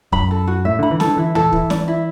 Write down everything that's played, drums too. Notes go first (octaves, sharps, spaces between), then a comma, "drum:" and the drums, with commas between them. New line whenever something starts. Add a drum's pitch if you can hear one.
F#2 B5, drum: kick
A4
F#4
A2 E5
D3 B5
E3
A4, drum: snare
D3
E3 E4
E3 A4, drum: tom
E3 E4, drum: kick
D5, drum: snare
E4